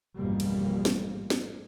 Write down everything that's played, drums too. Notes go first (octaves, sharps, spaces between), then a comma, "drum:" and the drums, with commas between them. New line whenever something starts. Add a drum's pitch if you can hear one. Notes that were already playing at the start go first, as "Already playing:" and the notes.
A1 F2 G#2 B2 G3 A#3
drum: cymbal
drum: snare
drum: snare